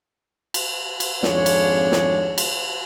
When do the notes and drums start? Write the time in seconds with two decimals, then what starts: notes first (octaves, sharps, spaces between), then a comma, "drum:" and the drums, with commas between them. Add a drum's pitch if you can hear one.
0.54 drum: cymbal
1.00 drum: cymbal
1.23 G#1 F2 D4 F4 G#4 C#5, drum: snare
1.46 drum: cymbal
1.92 drum: snare
2.38 drum: cymbal